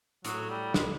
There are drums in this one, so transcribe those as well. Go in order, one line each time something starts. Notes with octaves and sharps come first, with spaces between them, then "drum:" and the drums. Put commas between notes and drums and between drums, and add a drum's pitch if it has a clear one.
A2 F#3, drum: hi-hat
G3
G#3, drum: snare